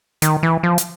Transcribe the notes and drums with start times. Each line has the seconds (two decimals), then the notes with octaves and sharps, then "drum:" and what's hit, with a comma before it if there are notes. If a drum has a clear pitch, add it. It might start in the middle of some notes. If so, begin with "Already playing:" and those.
0.22 D#3, drum: hi-hat
0.43 E3
0.63 F3
0.78 drum: hi-hat